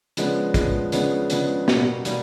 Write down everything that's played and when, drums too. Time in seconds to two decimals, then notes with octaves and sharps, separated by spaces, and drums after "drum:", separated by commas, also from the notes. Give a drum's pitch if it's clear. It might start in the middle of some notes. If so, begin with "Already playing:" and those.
0.17 C#3 F3 G#3 B3 D4, drum: hi-hat
0.54 C#3 F3 G#3 B3 D4, drum: kick, hi-hat
0.92 C#3 F3 G#3 B3 D4, drum: hi-hat
1.30 C#3 F3 G#3 B3 D4, drum: hi-hat
1.68 B2 G3 A#3 D#4, drum: snare
2.05 B2 G3 A#3 D#4, drum: hi-hat